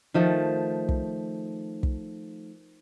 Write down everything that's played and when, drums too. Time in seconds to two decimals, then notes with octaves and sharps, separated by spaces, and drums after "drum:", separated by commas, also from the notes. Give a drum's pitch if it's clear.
0.14 D#3 F3 A3
0.89 drum: kick
1.83 drum: kick